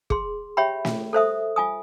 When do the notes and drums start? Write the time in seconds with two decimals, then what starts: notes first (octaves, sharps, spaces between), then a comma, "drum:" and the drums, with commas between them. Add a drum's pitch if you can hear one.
0.10 G#4 C6, drum: kick
0.57 G4 C#5 E5 G5 B5
0.85 drum: snare
1.13 A4 C5 E5 D#6
1.56 F4 G#5 D#6